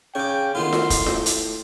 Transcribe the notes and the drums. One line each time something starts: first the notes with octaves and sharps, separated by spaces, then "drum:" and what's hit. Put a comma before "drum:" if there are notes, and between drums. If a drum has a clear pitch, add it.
C#3 C#5 G5 D6
A2 D#3 B3 F4 C6
drum: snare F4
drum: kick, hi-hat
G5, drum: snare F4
drum: hi-hat